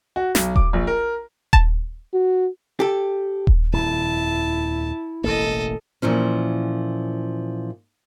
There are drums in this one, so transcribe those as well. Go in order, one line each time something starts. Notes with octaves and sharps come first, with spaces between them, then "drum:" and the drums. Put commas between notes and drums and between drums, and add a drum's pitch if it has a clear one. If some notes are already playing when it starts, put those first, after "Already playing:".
F#4
B1, drum: snare
D6, drum: kick D#1
A#1
A#4
A5, drum: kick D#1
F#4
G4 A4
drum: kick D#1
D#1 F2 E4 A5
E1 A1 A#3 A4 D#5
A#2 E3 F3 C#4